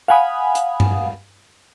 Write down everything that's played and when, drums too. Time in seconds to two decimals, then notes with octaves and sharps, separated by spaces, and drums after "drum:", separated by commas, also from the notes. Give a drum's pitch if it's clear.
0.08 F5 F#5 G#5 B5 D#6
0.55 drum: hi-hat
0.80 drum: tom G2